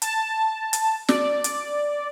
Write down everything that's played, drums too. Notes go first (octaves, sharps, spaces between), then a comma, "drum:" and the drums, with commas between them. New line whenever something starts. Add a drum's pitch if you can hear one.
A5, drum: hi-hat
drum: hi-hat
D5, drum: snare
drum: hi-hat